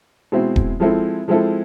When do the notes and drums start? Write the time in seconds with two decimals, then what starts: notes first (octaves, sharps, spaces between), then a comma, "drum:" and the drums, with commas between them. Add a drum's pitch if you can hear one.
0.32 B2 G#3 C4 E4
0.56 drum: kick D#1
0.80 F3 G#3 C4 E4 A4
1.28 F3 G#3 C4 E4 A4